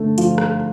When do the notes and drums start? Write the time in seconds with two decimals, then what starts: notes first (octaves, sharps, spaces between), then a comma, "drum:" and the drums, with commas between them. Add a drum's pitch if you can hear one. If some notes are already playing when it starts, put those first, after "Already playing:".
Already playing: D3 A3
0.18 F3, drum: hi-hat
0.38 drum: rim click